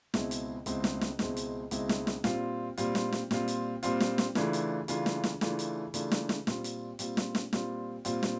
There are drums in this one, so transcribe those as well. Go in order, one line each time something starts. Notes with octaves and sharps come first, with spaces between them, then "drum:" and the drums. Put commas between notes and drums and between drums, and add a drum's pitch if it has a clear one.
C#2 B2 G#3 C4 E4, drum: snare
drum: hi-hat
C#2 B2 G#3 C4 E4, drum: hi-hat
drum: snare
drum: snare
C#2 B2 G#3 C4 E4, drum: snare
drum: hi-hat
C#2 B2 G#3 C4 E4, drum: hi-hat
drum: snare
drum: snare
A#2 G3 C4 F4, drum: snare
A#2 G3 C4 F4, drum: hi-hat
drum: snare
drum: snare
A#2 G3 C4 F4, drum: snare
drum: hi-hat
A#2 G3 C4 F4, drum: hi-hat
drum: snare
drum: snare
C#3 E3 A3 D4 F4, drum: snare
drum: hi-hat
C#3 E3 A3 D4 F4, drum: hi-hat
drum: snare
drum: snare
C#3 E3 A3 D4 F4, drum: snare
drum: hi-hat
C#3 E3 A3 D4 F4, drum: hi-hat
drum: snare
drum: snare
A#2 G3 C4 F4, drum: snare
drum: hi-hat
A#2 G3 C4 F4, drum: hi-hat
drum: snare
drum: snare
A#2 G3 C4 F4, drum: snare
A#2 G3 C4 F4, drum: hi-hat
drum: snare